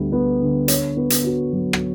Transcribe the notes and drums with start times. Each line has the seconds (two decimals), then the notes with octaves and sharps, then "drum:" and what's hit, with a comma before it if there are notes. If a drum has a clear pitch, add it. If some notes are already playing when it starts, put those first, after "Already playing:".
Already playing: D2 D3 G3 B3
0.12 B3
0.41 D3
0.68 C#5, drum: hi-hat
0.97 B3
1.10 drum: hi-hat
1.24 F#4
1.53 F#3
1.73 drum: rim click